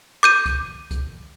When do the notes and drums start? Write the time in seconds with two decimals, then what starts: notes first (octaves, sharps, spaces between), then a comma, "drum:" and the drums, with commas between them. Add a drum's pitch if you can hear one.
0.23 D6 G6 D#7
0.46 drum: kick C2, hi-hat
0.91 drum: kick C2, hi-hat